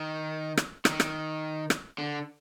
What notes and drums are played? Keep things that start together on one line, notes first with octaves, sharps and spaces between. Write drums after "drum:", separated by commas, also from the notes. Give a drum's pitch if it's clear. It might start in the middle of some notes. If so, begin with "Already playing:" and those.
Already playing: D#3
drum: rim click
D#3, drum: rim click
drum: rim click
drum: rim click
D3